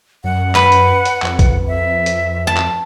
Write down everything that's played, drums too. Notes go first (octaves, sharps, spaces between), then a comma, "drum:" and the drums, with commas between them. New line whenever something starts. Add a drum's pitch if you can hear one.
F#2 F#5
B4, drum: clap
drum: hi-hat
drum: hi-hat
F2, drum: clap
drum: kick A#1, hi-hat
E5
drum: hi-hat
A5
drum: clap